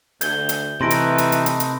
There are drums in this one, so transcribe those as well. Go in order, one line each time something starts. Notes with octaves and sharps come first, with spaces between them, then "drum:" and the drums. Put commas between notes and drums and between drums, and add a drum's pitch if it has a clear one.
D2 G6 G#6 G7, drum: hi-hat
drum: hi-hat
C3 E3 A3 D#4 B4 C6 A#6 D7
drum: hi-hat
drum: hi-hat
drum: hi-hat
drum: hi-hat
drum: hi-hat